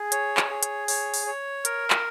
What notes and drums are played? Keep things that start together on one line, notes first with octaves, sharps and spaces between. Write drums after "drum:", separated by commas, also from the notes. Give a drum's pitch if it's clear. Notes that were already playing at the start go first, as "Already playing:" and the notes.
Already playing: G#4
C#5, drum: hi-hat
drum: clap
G#4
drum: hi-hat
C#5, drum: open hi-hat
drum: open hi-hat
C#5
A#4, drum: hi-hat
drum: clap